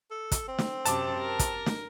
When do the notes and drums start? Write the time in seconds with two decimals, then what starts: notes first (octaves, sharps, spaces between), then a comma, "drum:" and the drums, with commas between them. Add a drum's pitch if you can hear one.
0.11 A4
0.32 drum: kick, hi-hat
0.48 C4
0.58 drum: snare
0.85 F#2 C3 A5 D6, drum: hi-hat
1.17 A#4
1.39 drum: kick, hi-hat
1.66 drum: snare